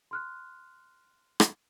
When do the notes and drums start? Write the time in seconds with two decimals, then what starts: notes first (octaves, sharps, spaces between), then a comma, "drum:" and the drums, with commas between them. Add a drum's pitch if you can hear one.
0.11 C6 F6 F#6
1.40 drum: rim click